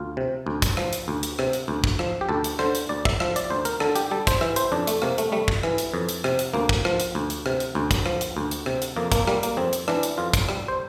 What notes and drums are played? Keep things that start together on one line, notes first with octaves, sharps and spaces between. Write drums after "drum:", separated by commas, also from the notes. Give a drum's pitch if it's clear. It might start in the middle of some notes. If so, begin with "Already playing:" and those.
Already playing: D2 F4
C3
D2
drum: kick, hi-hat
F3, drum: rim click
drum: hi-hat
D2
drum: hi-hat
C3, drum: rim click
drum: hi-hat
D2
drum: kick
F3, drum: rim click
G4
D2 A4
drum: hi-hat
D3 C5, drum: rim click
drum: hi-hat
D2 D5
E5, drum: kick
F3 E5, drum: rim click
D5, drum: hi-hat
D2 C5
A#4, drum: hi-hat
D3 A4, drum: rim click
G4, drum: hi-hat
G3 A4
C5, drum: kick, hi-hat
E3 E5, drum: rim click
C5, drum: hi-hat
F2 D4
A3, drum: hi-hat
C3 A#3, drum: rim click
A3, drum: hi-hat
G3 A3
drum: kick
E3, drum: rim click
drum: hi-hat
F2
drum: hi-hat
C3, drum: rim click
drum: hi-hat
D2 A#3
drum: kick
F3, drum: rim click
drum: hi-hat
D2
drum: hi-hat
C3, drum: rim click
drum: hi-hat
D2
drum: kick, hi-hat
F3, drum: rim click
drum: hi-hat
D2
drum: hi-hat
C3, drum: rim click
drum: hi-hat
F2 A#3
A#3, drum: kick, hi-hat
G3 A#3, drum: rim click
A#3, drum: hi-hat
F2 C4
drum: hi-hat
E3 D4, drum: rim click
drum: hi-hat
F2 F4
drum: kick, hi-hat
G3, drum: rim click
C5